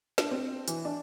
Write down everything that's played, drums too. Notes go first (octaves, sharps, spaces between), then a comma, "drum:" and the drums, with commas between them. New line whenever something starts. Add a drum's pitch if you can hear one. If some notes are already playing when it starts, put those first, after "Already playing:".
D4, drum: snare
C4
E3, drum: hi-hat
D4